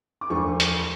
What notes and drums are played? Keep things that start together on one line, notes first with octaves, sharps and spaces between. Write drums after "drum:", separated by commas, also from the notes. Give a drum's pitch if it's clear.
D6
E1 D2 D3 F3 C#6
drum: hi-hat